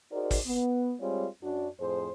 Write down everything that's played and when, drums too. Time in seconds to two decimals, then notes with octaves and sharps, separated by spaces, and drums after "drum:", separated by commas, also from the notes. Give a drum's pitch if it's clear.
0.11 D#4 F#4 G#4 A#4 C5 D5
0.31 drum: kick, open hi-hat
0.46 B3
1.00 G3 G#3 C4 F4 G#4 C#5
1.42 F#2 D4 F#4
1.80 F2 A2 G#4 C5